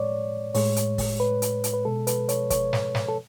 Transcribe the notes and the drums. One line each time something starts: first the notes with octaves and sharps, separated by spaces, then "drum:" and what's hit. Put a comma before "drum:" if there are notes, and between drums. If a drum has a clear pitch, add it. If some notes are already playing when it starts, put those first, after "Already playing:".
Already playing: A2 G#3 C#5 D5
A2 G#3 C#5, drum: open hi-hat
drum: hi-hat
drum: kick, open hi-hat
B4
drum: hi-hat
drum: hi-hat
B4
B2 G#3 A4
B4, drum: hi-hat
C#5, drum: hi-hat
C#5, drum: kick, hi-hat
drum: snare
drum: snare
A4